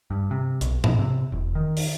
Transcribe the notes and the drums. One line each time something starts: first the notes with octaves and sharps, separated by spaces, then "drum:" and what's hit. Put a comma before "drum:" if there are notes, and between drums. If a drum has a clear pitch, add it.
G2
C3
B1, drum: hi-hat
B2, drum: tom G#2
C3
E1
D#3
drum: open hi-hat